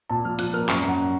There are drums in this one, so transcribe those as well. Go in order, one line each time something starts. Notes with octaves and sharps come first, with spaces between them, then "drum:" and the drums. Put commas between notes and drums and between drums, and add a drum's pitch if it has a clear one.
A#2 A5
F3 F6
F3 F#6, drum: hi-hat
A#3 F6
F#2 C#6, drum: clap
A#5
F#2 F#5